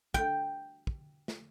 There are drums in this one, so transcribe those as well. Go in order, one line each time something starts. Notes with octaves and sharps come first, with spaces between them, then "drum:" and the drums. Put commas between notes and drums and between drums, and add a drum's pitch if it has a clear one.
G5, drum: kick
drum: kick
drum: snare